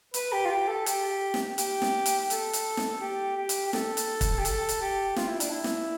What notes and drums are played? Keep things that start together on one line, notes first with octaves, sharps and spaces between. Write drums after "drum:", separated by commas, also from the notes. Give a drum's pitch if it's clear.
B4, drum: hi-hat
G4
F4
G4
A4
G4, drum: hi-hat
drum: snare
G4, drum: hi-hat
drum: snare
drum: hi-hat
A4, drum: hi-hat
drum: hi-hat
drum: snare
G4
G4
drum: hi-hat
G4
A4, drum: snare
drum: hi-hat
drum: kick, hi-hat
G4
A4, drum: hi-hat
drum: hi-hat
G4
F4, drum: snare
E4
D4, drum: hi-hat
E4
drum: snare